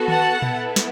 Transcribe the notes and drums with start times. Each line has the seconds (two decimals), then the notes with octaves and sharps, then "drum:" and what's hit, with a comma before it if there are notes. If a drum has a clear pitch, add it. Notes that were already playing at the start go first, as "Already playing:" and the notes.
Already playing: B3 F#4 A4
0.08 F#5 A5, drum: tom D#3
0.42 B3 E4 A4, drum: tom A#2
0.76 drum: snare